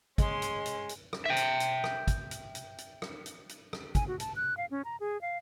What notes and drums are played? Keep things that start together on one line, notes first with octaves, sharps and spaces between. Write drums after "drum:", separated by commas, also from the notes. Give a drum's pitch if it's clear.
G#3 C#4 C6, drum: kick, hi-hat
drum: hi-hat
drum: hi-hat
drum: hi-hat
drum: rim click
E5 G5
drum: hi-hat
drum: hi-hat
drum: rim click
drum: kick, hi-hat
drum: hi-hat
drum: hi-hat
drum: hi-hat
drum: rim click
drum: hi-hat
drum: hi-hat
drum: rim click
G#5, drum: kick, hi-hat
F#4
A5, drum: hi-hat
F#6
F5
C#4
A#5
G#4
F5